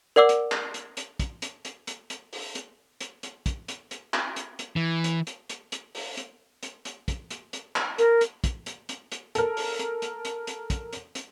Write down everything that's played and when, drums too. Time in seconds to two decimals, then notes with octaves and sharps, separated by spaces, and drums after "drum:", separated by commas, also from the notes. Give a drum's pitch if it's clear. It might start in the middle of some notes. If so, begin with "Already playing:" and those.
0.16 A#4 D5 F#5 D6 E6
0.29 drum: hi-hat
0.52 drum: clap
0.74 drum: hi-hat
0.97 drum: hi-hat
1.19 drum: kick, hi-hat
1.42 drum: hi-hat
1.65 drum: hi-hat
1.87 drum: hi-hat
2.10 drum: hi-hat
2.33 drum: open hi-hat
2.55 drum: hi-hat
3.01 drum: hi-hat
3.23 drum: hi-hat
3.46 drum: kick, hi-hat
3.68 drum: hi-hat
3.91 drum: hi-hat
4.14 drum: clap
4.36 drum: hi-hat
4.59 drum: hi-hat
4.76 E3
5.04 drum: hi-hat
5.27 drum: hi-hat
5.49 drum: hi-hat
5.72 drum: hi-hat
5.95 drum: open hi-hat
6.17 drum: hi-hat
6.63 drum: hi-hat
6.85 drum: hi-hat
7.08 drum: kick, hi-hat
7.31 drum: hi-hat
7.53 drum: hi-hat
7.76 drum: clap
7.98 A#4, drum: hi-hat
8.21 drum: hi-hat
8.44 drum: kick, hi-hat
8.66 drum: hi-hat
8.89 drum: hi-hat
9.12 drum: hi-hat
9.35 A4 A#4, drum: hi-hat
9.57 drum: open hi-hat
9.79 drum: hi-hat
10.02 drum: hi-hat
10.25 drum: hi-hat
10.47 drum: hi-hat
10.70 drum: kick, hi-hat
10.93 drum: hi-hat
11.15 drum: hi-hat